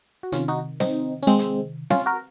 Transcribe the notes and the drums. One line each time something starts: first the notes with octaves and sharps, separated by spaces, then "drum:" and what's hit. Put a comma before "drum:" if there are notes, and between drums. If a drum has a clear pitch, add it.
F#4
C3 D#3 C#4 F4, drum: hi-hat
D#4 F#4
C4 D#4, drum: snare C4
C#4
G#3 C4
drum: hi-hat
C#4 F4, drum: snare C4
F#4 A#4